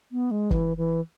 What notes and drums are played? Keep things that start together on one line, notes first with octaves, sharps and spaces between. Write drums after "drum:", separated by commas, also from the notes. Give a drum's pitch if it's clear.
B3
G#3
E3, drum: kick
E3